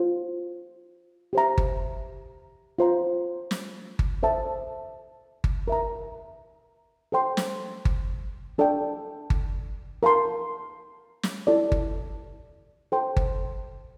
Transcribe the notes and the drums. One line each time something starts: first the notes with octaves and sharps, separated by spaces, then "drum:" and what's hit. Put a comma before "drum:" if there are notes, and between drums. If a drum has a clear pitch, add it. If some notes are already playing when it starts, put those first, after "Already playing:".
Already playing: F4 C5 F5
G4 C5 E5 A#5
drum: kick G1
F4 C5 F5 A#5
drum: snare
drum: kick G1
A4 C5 E5 A5
drum: kick G1
A#4 E5 A#5
A4 C5 G5 C6
drum: snare
drum: kick G1
D4 A4 D5 G5
drum: kick G1
A#4 F5 A5 C6
drum: snare
E4 A4 D5
drum: kick G1
A4 C5 G5 C6
drum: kick G1